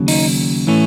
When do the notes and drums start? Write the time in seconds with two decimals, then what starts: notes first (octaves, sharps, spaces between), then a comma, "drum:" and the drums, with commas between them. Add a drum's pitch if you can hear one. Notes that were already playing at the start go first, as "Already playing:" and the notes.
Already playing: D#2 C#3 F#3
0.08 D#4, drum: open hi-hat
0.67 A2 E3 A3 C#4